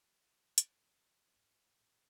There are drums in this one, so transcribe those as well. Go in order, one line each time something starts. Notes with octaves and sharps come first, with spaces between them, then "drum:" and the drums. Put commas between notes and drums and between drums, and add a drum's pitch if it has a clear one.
E3, drum: hi-hat
F#2
G#2
A2